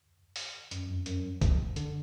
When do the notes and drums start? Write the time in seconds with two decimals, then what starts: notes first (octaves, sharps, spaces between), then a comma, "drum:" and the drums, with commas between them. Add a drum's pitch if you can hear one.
0.36 drum: open hi-hat
0.71 F#2, drum: hi-hat
0.88 F2
1.06 F#2, drum: hi-hat
1.41 drum: kick C2, hi-hat
1.76 D3, drum: hi-hat